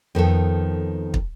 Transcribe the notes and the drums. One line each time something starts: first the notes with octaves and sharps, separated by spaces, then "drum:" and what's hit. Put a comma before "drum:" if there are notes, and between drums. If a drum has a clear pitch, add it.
F2 D#3 B3 A4
drum: kick